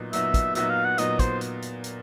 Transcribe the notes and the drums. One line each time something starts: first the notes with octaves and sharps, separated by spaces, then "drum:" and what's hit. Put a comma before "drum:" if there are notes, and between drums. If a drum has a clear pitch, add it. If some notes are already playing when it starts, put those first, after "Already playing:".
Already playing: A#2 F#3 B3 D#4
A#2 F#3 B3 D#4 E5, drum: hi-hat
drum: kick, hi-hat
A#2 F#3 B3 D#4 E5, drum: hi-hat
F5
F#5
A#2 F#3 B3 D#4 D#5, drum: hi-hat
C5, drum: kick, hi-hat
drum: hi-hat
drum: hi-hat
drum: hi-hat